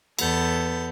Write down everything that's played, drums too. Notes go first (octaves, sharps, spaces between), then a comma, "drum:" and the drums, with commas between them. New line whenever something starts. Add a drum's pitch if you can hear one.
E2 B3 A4 G6 A6, drum: cymbal